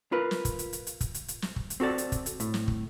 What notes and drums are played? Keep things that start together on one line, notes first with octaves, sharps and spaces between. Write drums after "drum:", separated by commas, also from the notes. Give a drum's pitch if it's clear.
F4 A#4 B4
drum: snare
drum: kick, hi-hat
drum: hi-hat
drum: hi-hat
drum: hi-hat
drum: kick, hi-hat
drum: hi-hat
drum: hi-hat
drum: snare
drum: kick
drum: hi-hat
C4 F#4 A4 D5
drum: hi-hat
drum: kick, hi-hat
drum: hi-hat
A2, drum: hi-hat
drum: snare
drum: kick